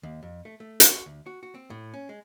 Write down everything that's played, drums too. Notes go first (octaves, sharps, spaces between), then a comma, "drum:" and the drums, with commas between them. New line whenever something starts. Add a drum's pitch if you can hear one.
D#2
F2
A3
A3
drum: hi-hat
F#4
D2
F#4
F#4
C4
A2
C#4
G#3